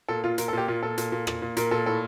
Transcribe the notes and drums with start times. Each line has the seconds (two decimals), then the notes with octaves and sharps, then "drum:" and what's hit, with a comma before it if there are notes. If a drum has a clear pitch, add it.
0.08 A#2 A4
0.24 A#2 F4
0.38 A#2 A#4, drum: hi-hat
0.48 A4
0.53 A#2 G4
0.68 A#2 F4
0.83 A#2 A4
0.98 A#2, drum: hi-hat
1.12 A#2
1.27 A#2, drum: rim click
1.42 A#2
1.57 A#2 A#4, drum: hi-hat
1.71 A#2 A4
1.86 A2 A4